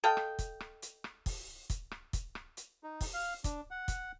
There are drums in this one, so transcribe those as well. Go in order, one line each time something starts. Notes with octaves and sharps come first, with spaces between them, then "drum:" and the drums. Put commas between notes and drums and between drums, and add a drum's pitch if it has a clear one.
A4 D#5 F5 G5
drum: rim click
drum: kick, hi-hat
drum: rim click
drum: hi-hat
drum: rim click
drum: kick, open hi-hat
drum: kick, hi-hat
drum: rim click
drum: kick, hi-hat
drum: rim click
drum: hi-hat
D#4
drum: kick, open hi-hat
F5
D4, drum: kick, hi-hat
F#5
drum: kick, hi-hat